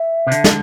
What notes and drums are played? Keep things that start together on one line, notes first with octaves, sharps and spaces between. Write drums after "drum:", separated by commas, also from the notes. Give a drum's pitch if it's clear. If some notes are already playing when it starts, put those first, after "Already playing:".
Already playing: E5
C3
D3, drum: hi-hat
drum: snare